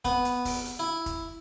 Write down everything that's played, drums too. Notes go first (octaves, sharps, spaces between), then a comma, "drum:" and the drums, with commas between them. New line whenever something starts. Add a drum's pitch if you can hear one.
B3, drum: kick, hi-hat
drum: hi-hat
drum: kick, open hi-hat
drum: hi-hat
E4
drum: kick, hi-hat